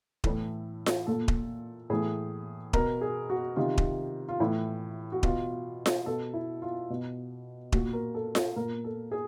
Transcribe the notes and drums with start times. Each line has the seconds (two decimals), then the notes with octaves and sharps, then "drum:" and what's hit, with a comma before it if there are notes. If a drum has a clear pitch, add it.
0.24 A2 E3 A4, drum: kick D#1
0.86 drum: snare F4
1.07 A#2 A4
1.28 drum: kick D#1
1.90 A2 E3 G#4
2.73 B2 A#4, drum: kick D#1
3.01 G#4
3.30 F#4
3.56 C3 D#3 F4
3.78 drum: kick D#1
4.29 F4
4.40 A2 E3 E4
5.12 F#4
5.23 B2 F4, drum: kick D#1
5.86 drum: snare F4
6.06 B2 A4
6.34 E4
6.62 F4
6.90 B2
7.72 A#2 F#4, drum: kick D#1
7.93 A#4
8.15 A4
8.35 A4, drum: snare F4
8.56 A#2 A#4
8.84 A4
9.12 G#4